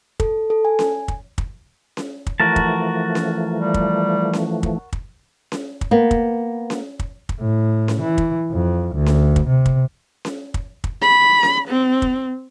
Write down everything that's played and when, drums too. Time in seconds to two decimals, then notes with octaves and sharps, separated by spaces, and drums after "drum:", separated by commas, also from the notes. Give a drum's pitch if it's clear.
0.20 A4, drum: kick
0.50 A4
0.65 G#5
0.79 drum: snare C#4
1.08 drum: kick
1.38 drum: kick
1.97 drum: snare C#4
2.27 drum: kick
2.40 E3 F3 A3 F#4 A#4 A5
2.56 drum: kick
3.15 drum: snare C#4
3.52 G3
3.74 drum: kick
4.33 drum: snare C#4
4.63 drum: kick
4.93 drum: kick
5.52 drum: snare C#4
5.81 drum: kick
5.91 A#3 B3
6.11 drum: kick
6.70 drum: snare C#4
6.99 drum: kick
7.29 drum: kick
7.40 A2
7.88 drum: snare C#4
8.01 E3
8.18 drum: kick
8.51 F2
8.95 D2
9.06 drum: snare C#4
9.36 drum: kick
9.47 C3
9.66 drum: kick
10.25 drum: snare C#4
10.54 drum: kick
10.84 drum: kick
11.02 B5
11.43 drum: snare C#4
11.68 C4
12.02 drum: kick